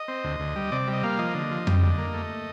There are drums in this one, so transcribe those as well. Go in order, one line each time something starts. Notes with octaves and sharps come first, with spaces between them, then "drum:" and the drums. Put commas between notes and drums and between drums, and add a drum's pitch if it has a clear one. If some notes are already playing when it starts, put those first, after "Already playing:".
Already playing: D#5
C4
D2
D2
G3
C3 D5
G3
D#5
A#3 F5
F3 D#5
D3
F3
G3, drum: tom F2
D3
A#3
A3